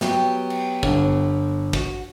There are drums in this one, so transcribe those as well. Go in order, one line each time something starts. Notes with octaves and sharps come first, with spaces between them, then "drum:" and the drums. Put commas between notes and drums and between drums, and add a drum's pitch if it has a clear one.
F#3 B3 G4, drum: snare
drum: cymbal
G1, drum: kick
F#4, drum: kick